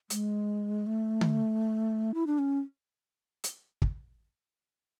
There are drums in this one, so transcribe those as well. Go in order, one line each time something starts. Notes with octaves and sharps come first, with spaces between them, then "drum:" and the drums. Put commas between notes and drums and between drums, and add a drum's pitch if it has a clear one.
G#3, drum: hi-hat
A3
drum: tom D3
E4
D4
C#4
drum: hi-hat
drum: kick